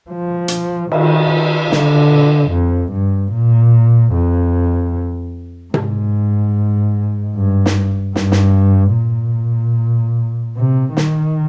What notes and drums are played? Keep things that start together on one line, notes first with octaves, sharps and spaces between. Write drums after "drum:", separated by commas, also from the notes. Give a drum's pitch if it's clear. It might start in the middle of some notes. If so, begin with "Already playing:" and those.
F3
drum: hi-hat
D#3, drum: cymbal
D3, drum: snare
F2
G2
A#2
F2
G#2, drum: tom C3
G2
drum: snare
G2, drum: snare
drum: snare
A#2
C3
D#3, drum: snare